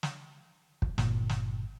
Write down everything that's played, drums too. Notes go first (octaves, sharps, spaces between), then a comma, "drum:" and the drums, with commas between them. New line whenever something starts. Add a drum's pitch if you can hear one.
drum: snare
drum: kick
G1 A#2, drum: snare
drum: snare